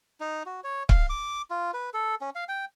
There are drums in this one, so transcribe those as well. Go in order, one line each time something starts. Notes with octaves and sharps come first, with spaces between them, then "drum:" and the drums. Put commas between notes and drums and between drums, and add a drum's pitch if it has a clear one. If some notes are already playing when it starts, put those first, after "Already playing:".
D#4
F#4
C#5
F5, drum: kick C#1
D6
F4
B4
A4
C#4
F5
G5